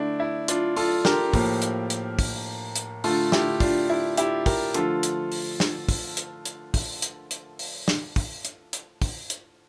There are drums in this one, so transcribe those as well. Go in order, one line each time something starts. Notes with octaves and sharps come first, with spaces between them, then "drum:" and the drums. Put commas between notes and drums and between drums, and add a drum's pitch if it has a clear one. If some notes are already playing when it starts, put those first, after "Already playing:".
Already playing: D3 A3 D4 E4
E4
D4 F4, drum: hi-hat
F4 A4, drum: open hi-hat
G4 A#4, drum: snare
A2 F3 A#3, drum: kick, open hi-hat
drum: hi-hat
drum: hi-hat
drum: kick, open hi-hat
drum: hi-hat
D3 A3 F4 A4, drum: open hi-hat
E4 G4, drum: snare
D4 F4, drum: kick, open hi-hat
E4
E4 G4, drum: hi-hat
G4 A#4, drum: kick, open hi-hat
D3 F3 A3 F4 A4, drum: hi-hat
drum: hi-hat
drum: open hi-hat
drum: snare
drum: kick, open hi-hat
drum: hi-hat
drum: hi-hat
drum: kick, open hi-hat
drum: hi-hat
drum: hi-hat
drum: open hi-hat
drum: snare
drum: kick, open hi-hat
drum: hi-hat
drum: hi-hat
drum: kick, open hi-hat
drum: hi-hat